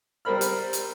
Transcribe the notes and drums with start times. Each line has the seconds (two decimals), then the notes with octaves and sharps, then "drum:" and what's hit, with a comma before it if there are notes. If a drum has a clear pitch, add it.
0.25 G3 C4 A#4 C5 B5 F6
0.41 drum: hi-hat
0.73 drum: hi-hat